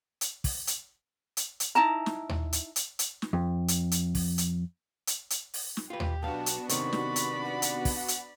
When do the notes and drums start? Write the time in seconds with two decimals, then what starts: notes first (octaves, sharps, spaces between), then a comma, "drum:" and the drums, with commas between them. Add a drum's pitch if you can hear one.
0.21 drum: hi-hat
0.44 drum: kick, open hi-hat
0.67 drum: hi-hat
1.37 drum: hi-hat
1.60 drum: hi-hat
1.75 D#4 E4 A5 A#5
2.06 drum: snare
2.29 drum: tom D#2
2.53 drum: hi-hat
2.76 drum: hi-hat
2.99 drum: hi-hat
3.22 drum: snare
3.33 F2
3.68 drum: hi-hat
3.91 drum: hi-hat
4.15 drum: kick, open hi-hat
4.38 drum: hi-hat
5.07 drum: hi-hat
5.30 drum: hi-hat
5.54 drum: open hi-hat
5.77 drum: snare
5.90 F4 G4 B4
6.00 drum: tom D#2
6.23 B1 B3 D4 F#4 F5 A5
6.46 drum: hi-hat
6.69 C3 D#3 D5 B5 C#6, drum: hi-hat
6.93 drum: snare
7.16 drum: hi-hat
7.44 F#5
7.62 drum: hi-hat
7.85 drum: kick, open hi-hat
7.96 F#5
8.08 drum: hi-hat